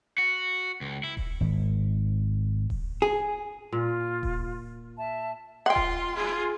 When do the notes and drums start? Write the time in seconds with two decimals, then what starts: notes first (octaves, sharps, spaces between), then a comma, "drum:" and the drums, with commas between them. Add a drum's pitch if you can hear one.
0.18 F#4
0.81 C#2
1.04 E4
1.17 drum: kick D#1
1.41 G#1
2.70 drum: kick D#1
3.02 G#4
3.72 A#2 F4
4.23 drum: kick D#1
4.98 E5 A5
5.66 F4 F#5 G5 C6
5.76 drum: kick D#1
6.14 F4 G#4